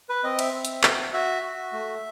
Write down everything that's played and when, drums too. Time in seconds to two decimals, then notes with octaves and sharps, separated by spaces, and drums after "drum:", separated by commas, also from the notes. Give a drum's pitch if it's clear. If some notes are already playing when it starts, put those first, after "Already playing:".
0.09 B4
0.24 C4 D#5
0.39 E5, drum: cymbal
0.53 C4
0.65 drum: hi-hat
0.83 F#4, drum: clap
1.13 F#4 E5
1.42 F#4
1.73 A3